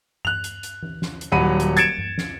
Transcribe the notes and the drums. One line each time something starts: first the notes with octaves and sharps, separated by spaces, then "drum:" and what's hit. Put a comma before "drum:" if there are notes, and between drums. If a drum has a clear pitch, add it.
F#6 F7, drum: tom G2
drum: hi-hat
drum: hi-hat
drum: tom E3
drum: snare
drum: hi-hat
D#1 F#3 F#5 B5 D#7
drum: hi-hat
G#6 A6 C#7 D7 E7, drum: hi-hat
drum: tom G2
drum: snare